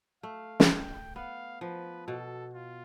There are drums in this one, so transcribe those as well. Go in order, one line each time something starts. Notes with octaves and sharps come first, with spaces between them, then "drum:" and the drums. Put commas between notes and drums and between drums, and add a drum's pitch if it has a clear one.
A3 F5
drum: snare
G5
B3 F5
F3 B4
B2 A4
F4